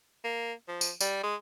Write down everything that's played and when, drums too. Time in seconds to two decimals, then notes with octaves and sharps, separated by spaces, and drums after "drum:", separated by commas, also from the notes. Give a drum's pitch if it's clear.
0.24 A#3
0.68 F3
0.81 drum: tambourine
1.01 G3, drum: tambourine
1.23 G#3